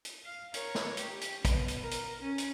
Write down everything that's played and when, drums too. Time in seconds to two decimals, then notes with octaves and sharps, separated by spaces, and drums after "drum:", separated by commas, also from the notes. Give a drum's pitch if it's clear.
0.05 drum: hi-hat
0.25 F5
0.54 A#4 C#5, drum: hi-hat
0.75 drum: snare
0.97 G4, drum: hi-hat
1.21 drum: hi-hat
1.45 B2, drum: kick, hi-hat
1.68 drum: hi-hat
1.81 A#4
1.91 drum: hi-hat
2.21 C#4
2.38 drum: hi-hat